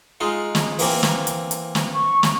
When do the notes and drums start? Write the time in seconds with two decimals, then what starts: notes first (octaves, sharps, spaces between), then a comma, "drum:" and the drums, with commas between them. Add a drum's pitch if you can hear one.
0.20 G#3 D#4 F4
0.55 drum: snare
0.79 E3 A#3 C4, drum: open hi-hat
1.03 drum: snare
1.27 drum: hi-hat
1.51 drum: hi-hat
1.75 drum: snare
1.94 C#6
2.23 drum: snare